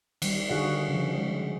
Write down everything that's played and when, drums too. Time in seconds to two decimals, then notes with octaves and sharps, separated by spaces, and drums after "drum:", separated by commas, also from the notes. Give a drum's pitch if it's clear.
0.22 D#3 G3, drum: cymbal
0.49 D3 D#3 F#4 G#4 F5 F#5
0.89 C#3 F3
1.16 G#3